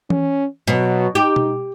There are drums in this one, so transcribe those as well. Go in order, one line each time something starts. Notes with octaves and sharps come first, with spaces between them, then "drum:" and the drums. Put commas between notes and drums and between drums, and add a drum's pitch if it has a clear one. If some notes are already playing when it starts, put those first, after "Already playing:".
C#4, drum: tom E3
B2 F#3
D#4 G4
drum: tom B2